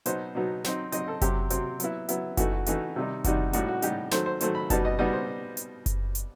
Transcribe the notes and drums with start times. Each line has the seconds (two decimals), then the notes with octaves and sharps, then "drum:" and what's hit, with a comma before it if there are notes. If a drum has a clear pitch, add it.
0.06 B2 F#3 B3 D#4 C5, drum: hi-hat
0.35 B2 F#3 B3 D#4
0.64 F#3 C4 D#4, drum: snare
0.92 F#3 C4 D#4 D#5, drum: hi-hat
1.08 A4
1.21 C3 F#3 C4 G4, drum: kick F#1, hi-hat
1.50 C3 F#3 C4, drum: hi-hat
1.80 F#3 B3 E4, drum: hi-hat
2.09 F#3 B3 E4, drum: hi-hat
2.37 E3 A3 D#4 F#4, drum: kick F#1, hi-hat
2.53 F#4
2.66 E3 A3 D#4 F#4, drum: hi-hat
2.96 C3 D#3 G3 D#4
3.24 C3 D#3 G3 D#4 F#4, drum: kick F#1, hi-hat
3.53 A2 G3 D#4 F#4, drum: hi-hat
3.68 F#4
3.82 A2 G3 D#4 G4, drum: hi-hat
4.11 D#3 F#3 A3 C5, drum: snare
4.26 C5
4.41 D#3 F#3 A3 C5, drum: hi-hat
4.55 B5
4.70 B2 G3 B3 D#4 A5, drum: kick F#1, hi-hat
4.85 D#5
4.99 B2 G3 B3 D#4 D#5
5.13 C5
5.57 drum: hi-hat
5.86 drum: kick F#1, hi-hat
6.15 drum: hi-hat